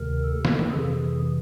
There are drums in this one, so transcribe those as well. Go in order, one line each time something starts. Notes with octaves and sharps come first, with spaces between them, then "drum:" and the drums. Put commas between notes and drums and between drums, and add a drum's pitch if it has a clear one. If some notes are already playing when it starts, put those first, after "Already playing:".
Already playing: D2 C3 D#3 A#4
A4
drum: snare
drum: tom D#3
F2 C3 E3 G#4